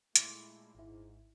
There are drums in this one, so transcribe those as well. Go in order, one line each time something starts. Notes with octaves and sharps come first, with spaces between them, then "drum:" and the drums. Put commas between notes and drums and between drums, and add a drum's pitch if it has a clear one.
A#2 G#3 A3 E4, drum: hi-hat
G#1 G#2 E4